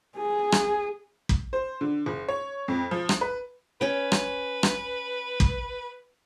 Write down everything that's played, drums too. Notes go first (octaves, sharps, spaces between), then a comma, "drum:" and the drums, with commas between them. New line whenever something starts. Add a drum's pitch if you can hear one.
G#4
drum: rim click
drum: kick
C5
D3
F#1
C#5
F2
F3
drum: rim click
B4
C#4 B4 G5
drum: rim click
drum: rim click
drum: kick